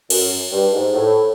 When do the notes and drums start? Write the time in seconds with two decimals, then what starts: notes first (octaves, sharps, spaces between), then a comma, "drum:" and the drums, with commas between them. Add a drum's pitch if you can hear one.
0.10 F#2, drum: cymbal
0.52 G2
0.73 G#2
0.93 A2